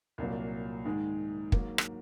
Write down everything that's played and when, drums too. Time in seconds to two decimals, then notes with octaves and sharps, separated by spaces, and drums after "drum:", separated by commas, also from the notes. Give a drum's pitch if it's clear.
0.18 C2 A#2 F#3 A#3
0.85 G#2 D#3 G#3
1.52 G#2 F#3 A#3, drum: kick
1.78 drum: rim click